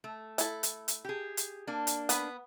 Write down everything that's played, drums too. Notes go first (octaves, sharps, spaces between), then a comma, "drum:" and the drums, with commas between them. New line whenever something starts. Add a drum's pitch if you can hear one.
A3
E4 A4, drum: hi-hat
drum: hi-hat
drum: hi-hat
G4 G#4
drum: hi-hat
A#3 D4
drum: hi-hat
B3 B4 B5, drum: hi-hat